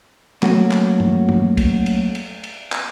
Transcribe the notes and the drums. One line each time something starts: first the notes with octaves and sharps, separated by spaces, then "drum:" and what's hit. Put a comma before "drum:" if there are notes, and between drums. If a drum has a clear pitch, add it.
F#3 A3 A#3 C#4 F#4, drum: clap
drum: clap
drum: tom
drum: tom
drum: kick, cymbal
drum: cymbal
drum: cymbal
drum: cymbal
drum: clap